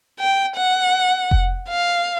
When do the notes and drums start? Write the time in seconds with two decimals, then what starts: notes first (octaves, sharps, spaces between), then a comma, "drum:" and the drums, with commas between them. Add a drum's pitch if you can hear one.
0.20 G5
0.56 F#5
1.31 drum: kick F1
1.68 F5